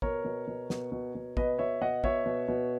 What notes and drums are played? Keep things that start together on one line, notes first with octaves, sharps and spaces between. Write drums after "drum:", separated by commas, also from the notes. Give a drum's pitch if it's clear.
B2 A#4 C#5, drum: kick
B2
B2
B2, drum: snare
B2
B2
B2 B4 D#5, drum: kick
B2 C#5 E5
B2 D#5 F#5
B2 C#5 E5, drum: kick
B2
B2